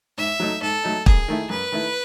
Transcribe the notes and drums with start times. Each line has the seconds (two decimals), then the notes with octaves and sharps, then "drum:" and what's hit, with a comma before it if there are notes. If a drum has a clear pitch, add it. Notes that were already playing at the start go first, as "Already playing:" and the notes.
0.17 G#2 E5
0.40 F#3 A3 D#4
0.62 G#2 A4
0.84 F#3 A3 D#4
1.06 F#2 G#4, drum: kick
1.28 D#3 A3 E4
1.50 F#2 B4
1.72 D#3 A3 E4